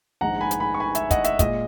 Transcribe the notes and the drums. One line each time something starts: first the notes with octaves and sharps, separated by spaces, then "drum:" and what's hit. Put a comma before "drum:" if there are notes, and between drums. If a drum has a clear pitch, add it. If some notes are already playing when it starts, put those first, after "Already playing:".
A#1 G#2 D#3 G#3 F#5 A#5
G#5 B5
drum: hi-hat
G#5 B5
C#6
G#5 B5
E5 G#5, drum: hi-hat
D#5 F#5, drum: kick, hi-hat
E5, drum: hi-hat
A#2 G#3 D#5, drum: kick, hi-hat